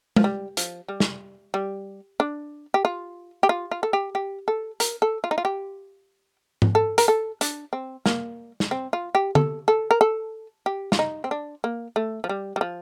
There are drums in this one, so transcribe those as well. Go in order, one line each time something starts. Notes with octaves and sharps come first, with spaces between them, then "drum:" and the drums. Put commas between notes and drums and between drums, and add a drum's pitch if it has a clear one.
F3, drum: tom G#3
G3
F3, drum: hi-hat
G3
drum: snare
G3
D4
G4
F4
G4
F4
F4
A4
G4
G4
A4
A#4, drum: hi-hat
A4
F4
D#4
F4
G4
drum: tom G#2
A4
A#4, drum: hi-hat
A4
D4, drum: hi-hat
C4
A#3, drum: snare
drum: snare
C4
F4
G4
A4, drum: tom D3
A4
A#4
A4
G4
F4, drum: snare
D#4
C4
D4
A#3
A3
F3
G3
G3
F3